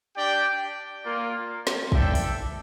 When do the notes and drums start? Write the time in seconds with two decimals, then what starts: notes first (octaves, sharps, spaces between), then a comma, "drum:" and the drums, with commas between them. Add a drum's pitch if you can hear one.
0.15 D4 G4 D5 G5
1.03 A#3 F4 A#4 D5
1.67 drum: snare
1.92 D4 A4 E5 G5, drum: kick
2.15 drum: open hi-hat